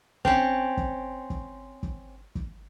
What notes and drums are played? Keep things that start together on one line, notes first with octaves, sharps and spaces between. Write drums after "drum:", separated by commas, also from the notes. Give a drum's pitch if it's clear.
C4 C#4, drum: kick
drum: kick
drum: kick
drum: kick
drum: kick